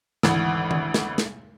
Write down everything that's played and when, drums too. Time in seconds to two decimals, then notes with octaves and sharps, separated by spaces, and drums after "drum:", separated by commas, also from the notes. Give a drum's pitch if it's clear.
0.23 G#1 D2 E3, drum: snare
0.71 drum: tom D#3
0.94 drum: snare
1.18 drum: snare